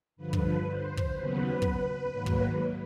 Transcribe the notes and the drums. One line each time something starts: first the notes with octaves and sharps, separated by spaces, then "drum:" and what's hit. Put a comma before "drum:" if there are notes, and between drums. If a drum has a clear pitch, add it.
G2 D3 F3 B4
drum: kick
C5
drum: kick
D#2 C#3 F#3 B3 B4
drum: kick
G#2 D#3 F#3 A#3
drum: kick